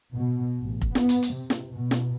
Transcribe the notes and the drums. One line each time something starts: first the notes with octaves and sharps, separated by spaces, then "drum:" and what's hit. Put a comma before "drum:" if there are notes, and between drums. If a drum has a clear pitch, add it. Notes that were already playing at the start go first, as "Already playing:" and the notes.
B2
A1
drum: kick F1
B3, drum: snare
drum: hi-hat
drum: hi-hat
C3
drum: snare
B2
drum: snare